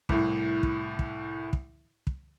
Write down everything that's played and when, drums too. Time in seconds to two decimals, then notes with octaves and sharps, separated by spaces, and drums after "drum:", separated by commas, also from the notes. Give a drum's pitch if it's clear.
0.09 C2 A2, drum: kick
0.63 drum: kick
0.99 drum: kick
1.53 drum: kick
2.07 drum: kick